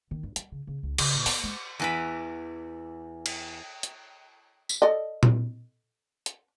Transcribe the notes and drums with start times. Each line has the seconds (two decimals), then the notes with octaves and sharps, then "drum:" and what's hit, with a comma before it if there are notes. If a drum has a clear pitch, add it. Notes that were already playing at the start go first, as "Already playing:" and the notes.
0.11 D#3
0.23 G2
0.36 G3, drum: hi-hat
0.52 C#3
0.67 C#3
0.83 C#2
0.98 C#3, drum: cymbal
1.14 A#2
1.26 B3, drum: open hi-hat
1.43 G#3
1.80 E2 E3 B5
3.26 drum: cymbal
3.83 drum: hi-hat
4.69 drum: tambourine
4.82 A4 D5 D#5
5.23 drum: tom A#2
6.26 drum: hi-hat